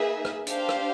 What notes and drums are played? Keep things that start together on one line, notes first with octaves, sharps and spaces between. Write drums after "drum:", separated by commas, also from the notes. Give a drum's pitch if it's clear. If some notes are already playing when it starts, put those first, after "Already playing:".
Already playing: A#3 D#4 G#4 B4 E5
drum: rim click
D4 G4 C5 F5, drum: hi-hat
drum: rim click